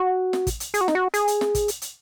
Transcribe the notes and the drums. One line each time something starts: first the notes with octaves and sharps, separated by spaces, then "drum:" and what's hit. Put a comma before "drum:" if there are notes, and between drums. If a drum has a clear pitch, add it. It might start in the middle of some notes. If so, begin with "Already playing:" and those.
Already playing: F#4
drum: snare
drum: kick, hi-hat
drum: hi-hat
G#4, drum: hi-hat
F#4
D#4, drum: snare
F#4
G#4, drum: hi-hat
drum: hi-hat
drum: snare
drum: kick, hi-hat
drum: hi-hat
drum: hi-hat